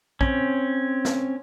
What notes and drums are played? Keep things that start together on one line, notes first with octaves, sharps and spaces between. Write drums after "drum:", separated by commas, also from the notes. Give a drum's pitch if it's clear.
C4 C#4, drum: kick
drum: snare